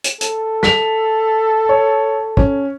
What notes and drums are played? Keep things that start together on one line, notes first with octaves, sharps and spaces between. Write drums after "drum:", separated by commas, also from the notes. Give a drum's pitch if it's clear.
drum: hi-hat
A4, drum: hi-hat
B6 F7, drum: snare
C#5
C#4, drum: kick